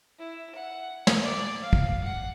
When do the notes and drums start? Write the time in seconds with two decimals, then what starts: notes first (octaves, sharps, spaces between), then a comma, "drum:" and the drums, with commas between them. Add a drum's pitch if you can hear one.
0.19 E4
0.56 F#5
1.07 drum: snare
1.23 D5
1.61 F5
1.73 drum: kick
2.04 F#5